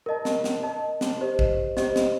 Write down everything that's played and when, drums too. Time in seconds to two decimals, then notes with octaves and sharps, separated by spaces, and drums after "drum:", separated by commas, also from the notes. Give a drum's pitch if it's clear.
0.06 A#4 D#5 A5
0.25 drum: snare
0.44 drum: snare
0.63 A#4 D#5 A5
1.01 drum: snare
1.20 G4 C5 D#5
1.39 drum: kick
1.77 G4 C5 D#5, drum: snare
1.96 drum: snare